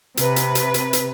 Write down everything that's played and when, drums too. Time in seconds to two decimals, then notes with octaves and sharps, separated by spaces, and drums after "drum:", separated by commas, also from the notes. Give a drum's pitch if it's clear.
0.17 C3 B4, drum: hi-hat
0.36 drum: hi-hat
0.55 drum: hi-hat
0.74 drum: hi-hat
0.93 drum: hi-hat